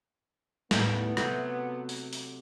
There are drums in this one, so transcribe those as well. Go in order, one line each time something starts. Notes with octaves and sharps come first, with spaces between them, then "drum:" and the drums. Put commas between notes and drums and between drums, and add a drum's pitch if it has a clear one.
D#2 A2 G3 B3, drum: snare
C3 F#3 A3, drum: rim click
drum: open hi-hat
drum: open hi-hat